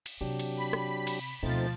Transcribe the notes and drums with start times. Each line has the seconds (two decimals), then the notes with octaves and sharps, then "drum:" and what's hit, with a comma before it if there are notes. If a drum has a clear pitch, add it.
0.06 drum: cymbal
0.21 C3 F#3 D4 G4
0.39 drum: cymbal
0.56 B5 B6
0.73 drum: rim click
1.07 drum: cymbal
1.43 D2 B2 F3 A3 C4 D#4 A6